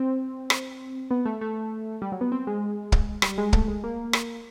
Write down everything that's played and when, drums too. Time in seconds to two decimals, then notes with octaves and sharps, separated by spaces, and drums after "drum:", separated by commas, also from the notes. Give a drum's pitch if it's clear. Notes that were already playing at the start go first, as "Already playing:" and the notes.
Already playing: C4
0.50 drum: rim click
1.11 B3
1.26 A3
1.41 A3
2.02 G3
2.12 F#3
2.21 B3
2.32 C4
2.47 G#3
2.92 drum: kick
3.22 G3, drum: rim click
3.38 G#3
3.53 A3, drum: kick
3.68 G#3
3.84 A#3
4.13 drum: rim click